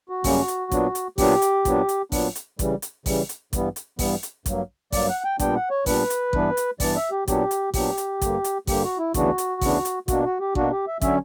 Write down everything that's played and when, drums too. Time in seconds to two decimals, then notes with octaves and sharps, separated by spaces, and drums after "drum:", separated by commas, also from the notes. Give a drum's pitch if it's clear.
0.09 F#4
0.24 F#2 C#3 G3 A#3 C#4, drum: kick A1, open hi-hat
0.48 drum: hi-hat
0.72 A#2 F#3 B3 D4, drum: kick A1, hi-hat
0.95 drum: hi-hat
1.18 A#2 F#3 B3 D4 G4, drum: kick A1, open hi-hat
1.42 drum: hi-hat
1.65 A#2 F#3 B3 D4, drum: kick A1, hi-hat
1.89 drum: hi-hat
2.12 A#2 F#3 B3 D4, drum: kick A1, open hi-hat
2.35 drum: hi-hat
2.59 C#3 E3 G3, drum: kick A1, hi-hat
2.82 drum: hi-hat
3.06 C#3 E3 G3, drum: kick A1, open hi-hat
3.29 drum: hi-hat
3.53 G2 E3 G3 B3, drum: kick A1, hi-hat
3.76 drum: hi-hat
3.99 G2 E3 G3 B3, drum: kick A1, open hi-hat
4.23 drum: hi-hat
4.46 G2 F#3 A#3, drum: kick A1, hi-hat
4.92 G2 F#3 A#3 D5, drum: kick A1, open hi-hat
5.09 F#5
5.24 G5
5.39 A#2 G3 B3 D4 G5, drum: kick A1, hi-hat
5.55 F#5
5.70 C#5
5.86 A#2 G3 B3 D4 B4, drum: kick A1, open hi-hat
6.10 drum: hi-hat
6.33 G2 E3 B3 D4, drum: kick A1
6.57 drum: hi-hat
6.80 G2 E3 B3 D4 D5, drum: kick A1, open hi-hat
6.96 E5
7.11 G4
7.28 A#2 F#3 B3 D4 G4, drum: kick A1, hi-hat
7.51 drum: hi-hat
7.74 A#2 F#3 B3 D4 G4, drum: kick A1, open hi-hat
7.97 drum: hi-hat
8.22 G2 D3 A#3, drum: kick A1, hi-hat
8.44 drum: hi-hat
8.67 G2 D3 A#3 G4, drum: kick A1, open hi-hat
8.84 F#4
8.98 E4
9.14 D2 C#3 E3 B3 D4 F#4, drum: kick A1, hi-hat
9.38 drum: hi-hat
9.61 D2 C#3 E3 B3 D4, drum: kick A1, open hi-hat
9.85 drum: hi-hat
10.08 B2 A#3 D4 F#4, drum: kick A1, hi-hat
10.24 F#4
10.40 G4
10.55 B2 A#3 D4 F#4, drum: kick A1
10.71 G4
10.87 E5
11.01 D3 F#3 C#4 E5, drum: kick A1, hi-hat